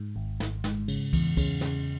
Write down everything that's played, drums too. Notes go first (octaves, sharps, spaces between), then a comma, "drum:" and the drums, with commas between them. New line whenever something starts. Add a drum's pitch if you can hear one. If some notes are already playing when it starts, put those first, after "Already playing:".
Already playing: G#2
G#1
G#1, drum: snare
G#2, drum: snare
C#3, drum: cymbal
E2, drum: kick, cymbal
C#3, drum: kick, cymbal
C#3, drum: snare